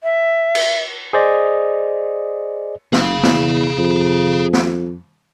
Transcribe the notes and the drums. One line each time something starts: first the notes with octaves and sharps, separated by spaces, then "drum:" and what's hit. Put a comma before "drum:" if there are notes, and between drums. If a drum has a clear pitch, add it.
E5
drum: cymbal
G#4 C5 D5 D#5
F#1 G#4 F5, drum: snare
E2, drum: snare
F2
drum: snare